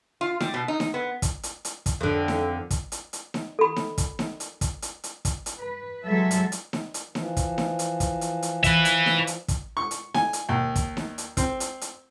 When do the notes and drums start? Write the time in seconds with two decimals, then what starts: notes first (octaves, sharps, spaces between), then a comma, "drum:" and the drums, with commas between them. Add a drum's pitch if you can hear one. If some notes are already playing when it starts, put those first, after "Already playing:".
0.21 F4
0.40 G3, drum: snare D#4
0.54 B2
0.68 D#4
0.80 drum: snare D#4
0.94 B3
1.22 drum: kick, hi-hat
1.43 drum: hi-hat
1.65 drum: hi-hat
1.86 drum: kick, hi-hat
2.01 F2 D3
2.28 drum: snare D#4
2.71 drum: kick, hi-hat
2.92 drum: hi-hat
3.13 drum: hi-hat
3.34 drum: snare D#4
3.59 A4 B5
3.76 drum: snare D#4
3.98 drum: kick, hi-hat
4.19 drum: snare D#4
4.40 drum: hi-hat
4.61 drum: kick, hi-hat
4.82 drum: hi-hat
5.04 drum: hi-hat
5.25 drum: kick, hi-hat
5.46 drum: hi-hat
5.58 B4
6.05 F#3 G#3 A4 E5
6.31 drum: hi-hat
6.52 drum: hi-hat
6.73 drum: snare D#4
6.94 drum: hi-hat
7.15 E3 F3, drum: snare D#4
7.37 drum: kick, hi-hat
7.58 drum: snare D#4
7.79 drum: hi-hat
8.00 drum: kick, hi-hat
8.21 drum: hi-hat
8.42 drum: hi-hat
8.64 B4 E5, drum: kick, hi-hat
8.85 drum: hi-hat
9.06 drum: snare D#4
9.27 drum: hi-hat
9.48 drum: kick, hi-hat
9.77 C#6
9.91 drum: hi-hat
10.14 G#5, drum: snare D#4
10.33 drum: hi-hat
10.49 D#2
10.76 drum: kick, hi-hat
10.97 drum: snare D#4
11.18 drum: hi-hat
11.37 C4, drum: kick, hi-hat
11.60 drum: hi-hat
11.81 drum: hi-hat